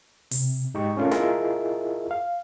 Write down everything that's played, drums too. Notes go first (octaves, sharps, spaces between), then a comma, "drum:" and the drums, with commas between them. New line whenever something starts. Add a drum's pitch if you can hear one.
C3, drum: open hi-hat
G#2 D#4 G4 C#6
A3 C#4 D4 F4 A4 A#4
E4 F4 G#4 A#4 D#5 E5, drum: snare
F5